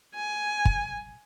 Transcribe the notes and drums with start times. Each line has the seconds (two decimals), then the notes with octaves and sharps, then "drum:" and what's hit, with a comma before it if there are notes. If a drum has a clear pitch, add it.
0.15 G#5
0.65 drum: kick